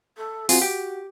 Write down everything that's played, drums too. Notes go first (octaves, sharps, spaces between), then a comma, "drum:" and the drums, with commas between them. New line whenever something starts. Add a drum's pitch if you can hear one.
A4
C4 F4 F#4 G#4, drum: open hi-hat
G4